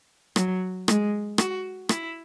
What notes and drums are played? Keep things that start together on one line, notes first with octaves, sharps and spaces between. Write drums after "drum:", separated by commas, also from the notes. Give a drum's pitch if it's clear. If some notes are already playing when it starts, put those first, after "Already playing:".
F#3, drum: rim click
G#3, drum: rim click
F#4, drum: rim click
E4, drum: rim click